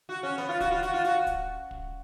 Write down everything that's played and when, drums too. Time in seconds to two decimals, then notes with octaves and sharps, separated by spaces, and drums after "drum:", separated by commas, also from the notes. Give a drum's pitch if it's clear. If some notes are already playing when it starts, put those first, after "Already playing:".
0.09 F#4
0.23 C#4
0.38 B3, drum: snare
0.49 F4
0.60 F#4, drum: kick, hi-hat
0.71 F4
0.83 F#4, drum: hi-hat
0.93 F4
1.04 F#4, drum: hi-hat
1.27 drum: kick, hi-hat
1.71 drum: kick